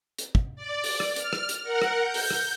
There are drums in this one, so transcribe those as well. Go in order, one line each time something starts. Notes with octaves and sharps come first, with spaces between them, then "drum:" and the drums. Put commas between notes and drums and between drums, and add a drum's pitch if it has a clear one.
drum: hi-hat
drum: kick
D5
drum: open hi-hat
drum: rim click
F6, drum: hi-hat
drum: rim click
drum: hi-hat
A#4 F#5
drum: rim click
G6
drum: open hi-hat
drum: rim click